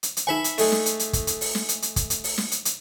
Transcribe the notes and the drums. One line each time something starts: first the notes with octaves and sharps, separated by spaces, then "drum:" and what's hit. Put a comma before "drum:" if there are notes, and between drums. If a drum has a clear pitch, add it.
drum: hi-hat
drum: hi-hat
D#4 B4 E5 G#5 B5 C#6
drum: hi-hat
G#3 A3, drum: open hi-hat
drum: snare
drum: hi-hat
drum: hi-hat
drum: kick, hi-hat
drum: hi-hat
drum: open hi-hat
drum: snare
drum: hi-hat
drum: hi-hat
drum: kick, hi-hat
drum: hi-hat
drum: open hi-hat
drum: snare
drum: hi-hat
drum: hi-hat